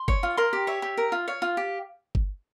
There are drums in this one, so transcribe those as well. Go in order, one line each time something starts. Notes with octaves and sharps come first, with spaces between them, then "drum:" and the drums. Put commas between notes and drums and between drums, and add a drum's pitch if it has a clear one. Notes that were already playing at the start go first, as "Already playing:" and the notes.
Already playing: C6
C#5, drum: kick G1
F4
A#4 C6
G4
C#5 E5
G4
A#4
F4
C#5 F5
F4
G4
drum: kick G1